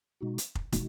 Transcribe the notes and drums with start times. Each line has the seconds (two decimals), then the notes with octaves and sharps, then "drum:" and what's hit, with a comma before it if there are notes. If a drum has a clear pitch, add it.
0.21 B2 G#3 D#4 F#4
0.38 drum: hi-hat
0.55 drum: kick
0.72 B2 E3 G#3 D#4 F#4, drum: kick, hi-hat